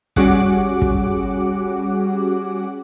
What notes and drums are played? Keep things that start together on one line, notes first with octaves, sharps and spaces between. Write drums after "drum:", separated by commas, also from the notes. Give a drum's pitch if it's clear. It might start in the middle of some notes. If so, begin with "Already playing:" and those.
G3 C#4 F#4 G#4 F#5 D6, drum: kick
drum: kick